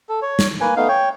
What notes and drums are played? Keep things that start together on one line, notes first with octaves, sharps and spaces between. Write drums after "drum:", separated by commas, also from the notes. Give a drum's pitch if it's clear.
A4
C#5
drum: snare
A#3 B4 G#5
A3 B3 D#4 F5
C#5 G5